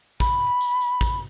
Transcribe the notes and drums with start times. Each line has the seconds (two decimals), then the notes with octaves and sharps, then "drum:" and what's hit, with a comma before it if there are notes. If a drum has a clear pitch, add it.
0.20 B5, drum: kick, tambourine
0.61 drum: tambourine
0.81 drum: tambourine
1.01 drum: kick, tambourine